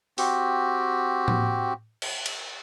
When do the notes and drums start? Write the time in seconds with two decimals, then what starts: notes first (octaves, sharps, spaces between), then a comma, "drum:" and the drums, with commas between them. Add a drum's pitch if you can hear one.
0.18 C4 F#4 G4, drum: open hi-hat
1.28 drum: tom A2
2.02 drum: cymbal
2.26 drum: cymbal